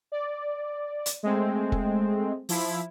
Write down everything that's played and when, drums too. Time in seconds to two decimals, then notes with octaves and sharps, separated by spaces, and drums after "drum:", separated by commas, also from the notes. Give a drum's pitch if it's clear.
0.12 D5
1.06 drum: hi-hat
1.23 G#3 A3 C4
1.72 drum: kick F1
2.49 F3 E4, drum: open hi-hat